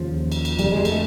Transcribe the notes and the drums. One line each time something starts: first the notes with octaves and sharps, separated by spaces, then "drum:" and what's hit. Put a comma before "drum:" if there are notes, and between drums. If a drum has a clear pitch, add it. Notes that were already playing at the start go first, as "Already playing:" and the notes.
Already playing: D#2 C#3 F3
drum: cymbal
drum: cymbal
F2 D3 G3, drum: cymbal
G#3
A3, drum: cymbal